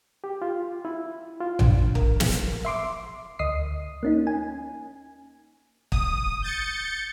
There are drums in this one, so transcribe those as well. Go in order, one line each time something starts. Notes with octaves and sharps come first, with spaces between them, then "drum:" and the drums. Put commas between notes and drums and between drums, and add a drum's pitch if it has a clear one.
G4
F4
E4
F4
D4, drum: tom A#1
A#4, drum: kick
drum: snare
E5 C6 D6
D2 D#5 D#6 C7
A#3 C#4 D#4
G#5
D#6, drum: kick
G6 A6 C#7